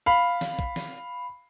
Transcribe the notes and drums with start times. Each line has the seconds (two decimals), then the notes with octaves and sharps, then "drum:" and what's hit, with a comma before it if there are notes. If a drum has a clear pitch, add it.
0.06 F5 B5
0.41 drum: snare
0.59 drum: kick
0.76 drum: snare